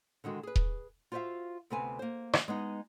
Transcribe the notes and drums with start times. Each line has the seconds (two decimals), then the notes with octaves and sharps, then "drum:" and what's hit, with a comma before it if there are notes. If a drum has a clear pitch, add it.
0.24 D3 D#3 G#3 F#4
0.43 G#4 B4
0.56 drum: kick D#1
1.12 F4 F#4 C5 C#5 E5 F5
1.70 D2 C3 B3 C4 B4 G#5
1.99 A#3 C5
2.33 drum: rim click
2.48 G#3 B3 D#4